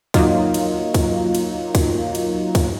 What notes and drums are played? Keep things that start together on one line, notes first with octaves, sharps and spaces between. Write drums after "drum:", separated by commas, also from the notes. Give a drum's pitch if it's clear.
F#3 A#3 D#4 F4, drum: kick, cymbal
drum: cymbal
drum: kick, cymbal
drum: cymbal
drum: kick, cymbal
drum: cymbal
drum: kick, cymbal